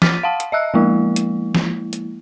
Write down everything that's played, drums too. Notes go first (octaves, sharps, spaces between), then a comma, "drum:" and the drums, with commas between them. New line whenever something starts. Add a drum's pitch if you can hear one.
D6 F6 A6 B6 D#7, drum: snare
F5 F#5 A5
drum: hi-hat
D#5 E5 E6 F#6
F3 G#3 A#3 E4
drum: hi-hat
drum: snare
drum: hi-hat